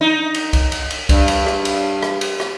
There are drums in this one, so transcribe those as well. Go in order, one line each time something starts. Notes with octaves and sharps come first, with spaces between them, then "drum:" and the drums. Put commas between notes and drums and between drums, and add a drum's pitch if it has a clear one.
D#4
drum: cymbal
drum: kick C2, cymbal
drum: cymbal
drum: cymbal
G2, drum: kick C2, cymbal
drum: cymbal
drum: rim click
drum: cymbal
drum: rim click
drum: cymbal
drum: rim click